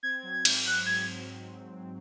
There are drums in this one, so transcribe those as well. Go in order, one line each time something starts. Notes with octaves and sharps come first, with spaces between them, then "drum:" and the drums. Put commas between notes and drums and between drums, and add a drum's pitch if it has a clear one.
C4 G#6
F#3
G#2, drum: cymbal
F#3 F#6
G#2 G#6